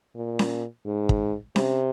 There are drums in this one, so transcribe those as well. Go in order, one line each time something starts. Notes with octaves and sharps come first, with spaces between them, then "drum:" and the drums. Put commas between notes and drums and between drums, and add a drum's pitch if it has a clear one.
A#2
drum: snare C#4
G#2
drum: kick
C3, drum: snare C#4